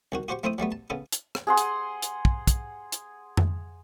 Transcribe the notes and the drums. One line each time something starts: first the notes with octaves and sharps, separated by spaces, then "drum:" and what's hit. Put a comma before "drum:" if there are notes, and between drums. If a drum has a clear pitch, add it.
C2 D#3 F#4
F#4 G4 C5 F#5 C#6
A3 C4 E4 C5 E5 D#6
F#3 G3 A3 B3
A5
C#3 B3 A4
drum: hi-hat
drum: rim click
G#4 F#5 C6
drum: hi-hat
drum: hi-hat
drum: kick
drum: kick, hi-hat
drum: hi-hat
drum: tom F2